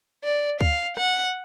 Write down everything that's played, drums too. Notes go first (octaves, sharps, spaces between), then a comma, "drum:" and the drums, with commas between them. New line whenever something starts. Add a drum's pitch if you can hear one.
D5
F5, drum: kick D2
F#5, drum: rim click